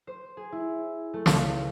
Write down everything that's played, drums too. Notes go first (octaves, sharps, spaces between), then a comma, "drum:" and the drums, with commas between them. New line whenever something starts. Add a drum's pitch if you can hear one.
C5
G#4
E4
A3
C#2, drum: snare
C#4